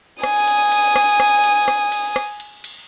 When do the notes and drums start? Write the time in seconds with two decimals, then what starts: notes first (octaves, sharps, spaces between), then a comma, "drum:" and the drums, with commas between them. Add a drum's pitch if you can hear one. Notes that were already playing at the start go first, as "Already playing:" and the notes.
0.23 G#5 D#6, drum: rim click
0.48 drum: cymbal
0.72 drum: cymbal
0.96 drum: rim click
1.20 drum: rim click
1.44 drum: cymbal
1.68 drum: rim click
1.92 drum: cymbal
2.16 drum: rim click
2.40 drum: cymbal
2.64 drum: cymbal